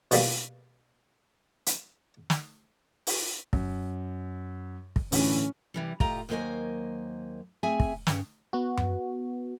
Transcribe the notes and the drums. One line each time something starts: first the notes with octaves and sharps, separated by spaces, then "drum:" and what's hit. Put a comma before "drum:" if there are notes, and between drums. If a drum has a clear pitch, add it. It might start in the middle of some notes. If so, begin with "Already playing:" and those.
B2 G3 A#3, drum: open hi-hat
drum: hi-hat
drum: snare
drum: open hi-hat
F#2, drum: kick
drum: kick
A2 D3 E3 C#4, drum: open hi-hat
C3 E3 G3
A2 F4 G4 D#5 A#5, drum: kick
D#2 F#3 A#3 C5 D#5 G#5
A3 C4 G#4 E5 G#5
drum: kick
G2 C#3, drum: snare
B3 F#4
drum: tom F#2